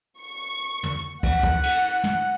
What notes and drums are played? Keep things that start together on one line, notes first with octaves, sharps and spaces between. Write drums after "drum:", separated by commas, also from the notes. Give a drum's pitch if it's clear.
C#6
drum: tom
F#5, drum: kick, cymbal
drum: kick
drum: cymbal
drum: tom